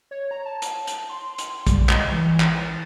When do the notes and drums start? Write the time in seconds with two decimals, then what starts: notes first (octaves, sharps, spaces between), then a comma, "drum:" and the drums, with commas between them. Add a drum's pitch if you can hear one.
0.11 C#5
0.31 A#5
0.45 A5
0.62 drum: hi-hat
0.87 drum: hi-hat
1.09 C6
1.38 drum: hi-hat
1.67 G3, drum: kick, hi-hat
1.89 G#3, drum: clap
2.12 E3
2.40 drum: clap
2.61 A6